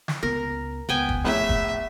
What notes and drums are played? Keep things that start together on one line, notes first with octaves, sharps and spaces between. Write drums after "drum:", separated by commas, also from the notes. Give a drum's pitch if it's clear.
drum: snare
C#2 B3 A#4
C#2 B3 G5 G#5
drum: kick
A#1 A2 E4 E5
drum: kick